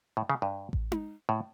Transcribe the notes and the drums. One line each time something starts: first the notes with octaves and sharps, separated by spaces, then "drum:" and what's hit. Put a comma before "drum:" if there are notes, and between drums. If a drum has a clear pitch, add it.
A2
C#3
G2
drum: kick A1
drum: tom D#4
A2